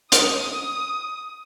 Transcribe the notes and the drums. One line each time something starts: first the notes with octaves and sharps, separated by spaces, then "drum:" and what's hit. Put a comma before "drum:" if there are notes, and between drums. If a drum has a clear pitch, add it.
D#6, drum: hi-hat